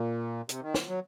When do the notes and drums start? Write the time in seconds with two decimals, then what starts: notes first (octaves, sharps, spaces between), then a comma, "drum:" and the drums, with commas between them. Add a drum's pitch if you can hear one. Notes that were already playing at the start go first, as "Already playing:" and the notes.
Already playing: A#2
0.49 C3, drum: hi-hat
0.62 D#3
0.74 drum: snare
0.88 F#3